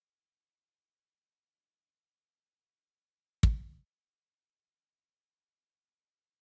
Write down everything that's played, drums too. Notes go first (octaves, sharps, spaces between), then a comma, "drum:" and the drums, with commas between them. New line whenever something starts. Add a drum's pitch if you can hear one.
E4
D#4 E4 A4 B4 F#5
D5
F#3 D4 E4
drum: kick
F1 A#5
D#3 C#4
E3 F#3 G3 A3 B3 F4